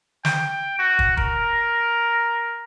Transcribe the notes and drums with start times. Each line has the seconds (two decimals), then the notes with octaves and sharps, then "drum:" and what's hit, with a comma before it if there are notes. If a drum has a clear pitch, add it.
0.25 G5, drum: snare
0.79 F#4
0.99 drum: kick
1.17 A#4, drum: kick